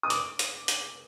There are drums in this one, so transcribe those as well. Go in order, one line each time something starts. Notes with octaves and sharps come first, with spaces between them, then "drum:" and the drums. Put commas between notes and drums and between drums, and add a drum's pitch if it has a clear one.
D#6
D6, drum: hi-hat
drum: hi-hat
drum: hi-hat